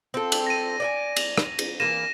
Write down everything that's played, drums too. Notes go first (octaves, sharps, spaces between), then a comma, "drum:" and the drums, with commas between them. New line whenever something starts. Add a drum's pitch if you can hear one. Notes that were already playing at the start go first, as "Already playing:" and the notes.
C4 F4 A4
drum: cymbal
A#6 D#7
D5 D#5 G#5
drum: cymbal
drum: rim click
drum: cymbal
E3 F#3 A#3 A#6 D#7 E7